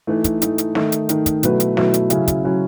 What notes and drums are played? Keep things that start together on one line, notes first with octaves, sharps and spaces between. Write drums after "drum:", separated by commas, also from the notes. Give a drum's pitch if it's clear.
E3 A3 D#4
drum: kick, hi-hat
E3 A3 D#4, drum: hi-hat
drum: hi-hat
D#3 A3 D#4, drum: snare
drum: hi-hat
D#3 A3 D#4, drum: hi-hat
drum: kick, hi-hat
B2 F#3 A3 E4 B4, drum: hi-hat
drum: hi-hat
B2 F#3 A3 E4 B4, drum: snare
drum: hi-hat
C#3 F#3 C#4 E4, drum: hi-hat
drum: kick, hi-hat
C#3 F#3 C#4 E4